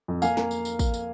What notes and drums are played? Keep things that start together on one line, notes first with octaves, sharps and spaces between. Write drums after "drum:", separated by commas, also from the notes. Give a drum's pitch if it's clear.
F2
A#3 F5 G#5, drum: tambourine
A#3, drum: snare
drum: tambourine
drum: tambourine
drum: kick, tambourine
drum: tambourine